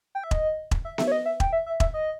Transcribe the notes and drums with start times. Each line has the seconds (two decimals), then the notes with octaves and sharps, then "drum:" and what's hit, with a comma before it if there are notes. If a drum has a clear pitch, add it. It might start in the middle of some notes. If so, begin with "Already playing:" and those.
0.15 G5
0.24 E5
0.31 D#5, drum: kick E1
0.71 drum: kick E1
0.85 E5
0.98 E5, drum: snare B3
1.07 C#5
1.12 D#5
1.26 E5
1.40 G5, drum: kick E1
1.53 E5
1.67 E5
1.80 E5, drum: kick E1
1.94 D#5